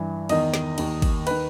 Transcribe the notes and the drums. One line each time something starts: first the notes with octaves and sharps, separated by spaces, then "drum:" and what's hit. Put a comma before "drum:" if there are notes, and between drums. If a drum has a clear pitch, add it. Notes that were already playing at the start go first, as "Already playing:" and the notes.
Already playing: G2 E3
E2 D#3 D#5, drum: cymbal
drum: snare
D#2 D#3, drum: cymbal
drum: kick, cymbal
D#3 B4, drum: cymbal